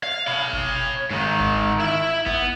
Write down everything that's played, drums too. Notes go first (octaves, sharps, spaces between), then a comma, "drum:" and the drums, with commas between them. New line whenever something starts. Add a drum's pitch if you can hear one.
F5
C#5 B5
drum: kick F#1
G#2 D#3
drum: kick F#1
E4 E5
B3, drum: kick F#1